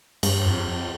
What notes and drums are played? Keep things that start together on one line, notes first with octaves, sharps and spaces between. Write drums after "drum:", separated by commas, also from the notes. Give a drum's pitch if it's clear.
G2, drum: cymbal
F2
F2